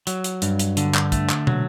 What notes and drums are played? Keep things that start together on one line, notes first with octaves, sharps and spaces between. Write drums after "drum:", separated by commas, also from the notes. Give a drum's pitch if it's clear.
F#3, drum: hi-hat
drum: hi-hat
G2, drum: hi-hat
drum: hi-hat
D3, drum: hi-hat
drum: clap
A3, drum: kick, hi-hat
drum: clap
F#3, drum: tom